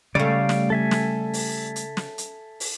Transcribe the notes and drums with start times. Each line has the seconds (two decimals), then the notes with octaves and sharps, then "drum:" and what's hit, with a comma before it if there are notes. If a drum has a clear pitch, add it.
0.15 C#3 G3 A3 D5 F5
0.49 drum: snare
0.70 A4 E5 G#5
0.91 drum: snare
1.34 drum: open hi-hat
1.76 drum: hi-hat
1.97 drum: snare
2.18 drum: hi-hat
2.60 drum: open hi-hat